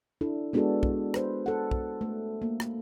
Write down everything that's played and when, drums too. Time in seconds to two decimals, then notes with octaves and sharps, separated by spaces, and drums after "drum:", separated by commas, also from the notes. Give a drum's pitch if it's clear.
0.21 D4 E4 A4
0.53 G#3 B3 D4 F#4 G#4 A4
0.83 drum: kick
1.14 B4 C5, drum: rim click
1.46 A4 F#5
1.71 drum: kick
2.01 A3
2.42 A#3
2.60 drum: rim click